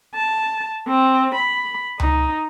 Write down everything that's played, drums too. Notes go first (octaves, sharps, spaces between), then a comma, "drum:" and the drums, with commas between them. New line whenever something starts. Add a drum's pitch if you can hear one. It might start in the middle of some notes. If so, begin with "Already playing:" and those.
A5
C4
B5
D#4, drum: tom C#2